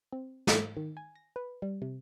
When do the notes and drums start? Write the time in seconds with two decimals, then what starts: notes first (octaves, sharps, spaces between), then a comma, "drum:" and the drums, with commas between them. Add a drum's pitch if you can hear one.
0.12 C4
0.47 G#2, drum: snare
0.77 D#3
0.97 G#5
1.15 A#6
1.36 B4
1.62 G3
1.82 C3